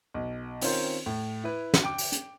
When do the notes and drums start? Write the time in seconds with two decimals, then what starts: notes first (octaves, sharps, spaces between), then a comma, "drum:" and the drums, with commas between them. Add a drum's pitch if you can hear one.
0.14 B1
0.61 D#3 C4 C#4 F4 A#4 C5, drum: open hi-hat
1.06 A2
1.44 E4 B4
1.74 drum: snare
1.84 G5 D6
1.98 drum: open hi-hat
2.12 drum: hi-hat